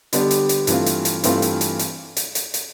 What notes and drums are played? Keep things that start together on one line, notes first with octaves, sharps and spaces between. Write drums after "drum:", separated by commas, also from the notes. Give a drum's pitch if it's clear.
D3 G3 B3 D4 G4, drum: hi-hat
drum: hi-hat
drum: hi-hat
G2 E3 A3 C4 F4, drum: hi-hat
drum: hi-hat
drum: hi-hat
G2 E3 A3 C4 F4, drum: hi-hat
drum: hi-hat
drum: hi-hat
drum: hi-hat
drum: hi-hat
drum: hi-hat
drum: hi-hat